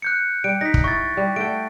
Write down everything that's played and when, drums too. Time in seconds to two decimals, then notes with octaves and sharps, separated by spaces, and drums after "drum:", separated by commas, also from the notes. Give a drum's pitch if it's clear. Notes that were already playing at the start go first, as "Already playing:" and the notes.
0.02 F#6 G6 C#7
0.44 G3 D7
0.61 D#4 A#6 B6
0.74 drum: kick
0.84 E4 C#6 A6
1.17 G3
1.36 A3 F#5 G5 D7